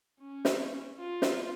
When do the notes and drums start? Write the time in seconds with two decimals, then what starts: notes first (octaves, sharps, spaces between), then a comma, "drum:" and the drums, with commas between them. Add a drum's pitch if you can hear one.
0.20 C#4
0.45 drum: snare
0.99 F4
1.22 drum: snare